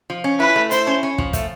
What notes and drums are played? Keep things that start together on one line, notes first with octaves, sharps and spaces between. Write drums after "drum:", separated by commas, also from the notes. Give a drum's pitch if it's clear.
F3
C#4
E4 B4
A3
E4 C5, drum: hi-hat
C#4
C#4
F3, drum: kick
A3, drum: kick, hi-hat